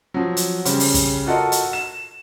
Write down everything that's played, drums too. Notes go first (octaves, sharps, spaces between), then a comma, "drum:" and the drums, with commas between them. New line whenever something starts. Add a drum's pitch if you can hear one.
F3 F#3
drum: hi-hat
C#3 G3 C4, drum: hi-hat
drum: open hi-hat
drum: kick, hi-hat
F4 F#4 A4 A#4 D#5
drum: hi-hat
E7